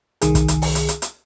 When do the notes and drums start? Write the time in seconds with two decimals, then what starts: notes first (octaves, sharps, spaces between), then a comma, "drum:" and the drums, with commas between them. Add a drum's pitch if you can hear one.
0.22 C2 D#3 G#4, drum: hi-hat
0.35 drum: kick, hi-hat
0.48 drum: hi-hat
0.62 drum: open hi-hat
0.75 drum: hi-hat
0.89 drum: hi-hat
1.02 drum: hi-hat